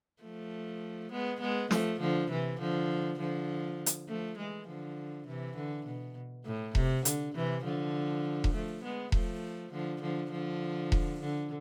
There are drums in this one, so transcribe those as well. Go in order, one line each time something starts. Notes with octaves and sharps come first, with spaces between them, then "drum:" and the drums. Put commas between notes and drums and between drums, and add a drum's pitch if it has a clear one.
F3 A3
G#3 B3
G#3 B3
F3 A3, drum: snare
D3 F3
C3 E3
D3 F3
D3 F3
drum: hi-hat
F3 A3
E3 G#3
D3 F3
C3 E3
D3
B2
A2
C3, drum: kick E1
D3, drum: hi-hat
C3 E3
D3 F3
drum: kick E1
F3 A3
G#3 B3
F3 A3, drum: kick E1
D3 F3
D3 F3
D3 F3
drum: kick E1
D3